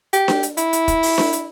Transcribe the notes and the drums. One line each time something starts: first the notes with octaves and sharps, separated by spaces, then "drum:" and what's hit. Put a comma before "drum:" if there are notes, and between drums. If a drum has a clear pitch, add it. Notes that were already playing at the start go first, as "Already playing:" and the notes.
G4, drum: hi-hat
drum: snare D4
drum: hi-hat
E4, drum: hi-hat
drum: hi-hat
drum: kick E1, hi-hat
drum: open hi-hat
drum: snare D4
drum: hi-hat